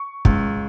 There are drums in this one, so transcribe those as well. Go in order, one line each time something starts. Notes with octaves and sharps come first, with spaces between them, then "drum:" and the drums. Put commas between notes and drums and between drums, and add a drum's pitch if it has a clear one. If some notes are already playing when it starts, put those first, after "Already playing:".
Already playing: C#6
C#2, drum: kick